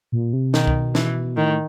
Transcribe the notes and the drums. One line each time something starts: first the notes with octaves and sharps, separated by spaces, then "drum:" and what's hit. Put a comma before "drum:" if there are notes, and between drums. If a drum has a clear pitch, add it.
A#2
C3
B2 D#3, drum: snare
drum: kick C2
E3, drum: snare
A2 D#3